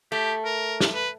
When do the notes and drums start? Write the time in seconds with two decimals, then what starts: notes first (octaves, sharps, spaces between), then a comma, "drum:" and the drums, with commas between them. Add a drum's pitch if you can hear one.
0.12 A3 G4
0.45 A#4
0.80 drum: snare
0.95 B4